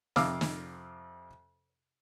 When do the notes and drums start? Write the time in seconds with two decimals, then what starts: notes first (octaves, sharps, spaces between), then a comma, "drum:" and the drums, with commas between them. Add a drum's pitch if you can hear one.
0.16 F2 C3 F5 D6 E6 F6, drum: snare
0.41 drum: snare